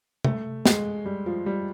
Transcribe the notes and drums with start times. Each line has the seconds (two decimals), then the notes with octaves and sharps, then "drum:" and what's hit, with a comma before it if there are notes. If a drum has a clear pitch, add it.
0.24 A3, drum: tom C3
0.66 G#3, drum: snare
1.06 G3
1.26 F3
1.46 G3